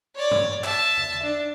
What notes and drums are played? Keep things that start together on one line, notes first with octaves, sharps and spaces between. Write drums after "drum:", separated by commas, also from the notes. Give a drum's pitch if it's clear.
C#5 D5
drum: tom G2
E5 A5, drum: clap
drum: tom E2
D4